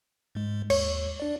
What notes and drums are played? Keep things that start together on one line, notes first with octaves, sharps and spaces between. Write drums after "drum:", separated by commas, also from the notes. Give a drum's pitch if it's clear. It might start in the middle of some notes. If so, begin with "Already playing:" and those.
G#2 G#3
D#2 C#5, drum: cymbal
D4 D5